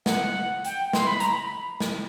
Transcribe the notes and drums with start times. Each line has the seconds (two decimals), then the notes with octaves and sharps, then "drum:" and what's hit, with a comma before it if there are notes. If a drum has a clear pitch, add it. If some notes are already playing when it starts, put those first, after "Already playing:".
0.06 F#5, drum: snare
0.65 G5, drum: hi-hat
0.93 C6, drum: snare
1.07 B5
1.20 A#5, drum: hi-hat
1.33 B5
1.80 drum: snare